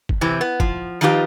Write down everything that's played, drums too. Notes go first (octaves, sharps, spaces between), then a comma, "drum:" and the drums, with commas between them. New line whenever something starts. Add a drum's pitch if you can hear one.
drum: kick
C3 E3 C4
B3
F3, drum: kick
D#3 F3 D#4 F4 G4 B4